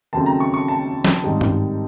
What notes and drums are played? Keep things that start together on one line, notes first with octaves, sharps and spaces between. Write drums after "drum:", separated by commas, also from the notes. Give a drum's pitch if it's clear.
D#2 C#3 F#3 A3 C4 A5
A#5
C#6
C#6
A5
drum: snare
G#2 D#3 G3 C4 D#4
drum: tom G2